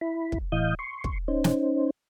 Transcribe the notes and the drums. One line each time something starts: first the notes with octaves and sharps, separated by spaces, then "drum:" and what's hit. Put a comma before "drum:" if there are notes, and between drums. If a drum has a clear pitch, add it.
E4 B5
drum: kick
A2 E3 D#5 F5 D#6 G6
C6 C#6
drum: kick
C#4 D#4 C5
drum: snare